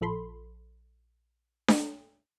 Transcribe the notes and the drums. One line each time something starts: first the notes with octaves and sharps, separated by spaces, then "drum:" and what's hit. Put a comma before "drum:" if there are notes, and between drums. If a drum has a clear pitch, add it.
A#1 F3 A4 B5 C6
drum: snare D4